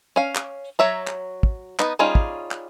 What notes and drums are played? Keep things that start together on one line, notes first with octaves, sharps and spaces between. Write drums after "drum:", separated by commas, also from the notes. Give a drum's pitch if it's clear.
C#4 F5
drum: clap
F#3 C#5 E5 A#5
drum: clap
drum: kick
B3 D#4, drum: clap
G3 C#4 D#4 F4 G#4
drum: kick
drum: clap